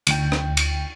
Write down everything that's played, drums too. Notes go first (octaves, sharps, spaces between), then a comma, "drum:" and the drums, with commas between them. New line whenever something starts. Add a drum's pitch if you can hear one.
D2 G5, drum: cymbal
drum: rim click
drum: cymbal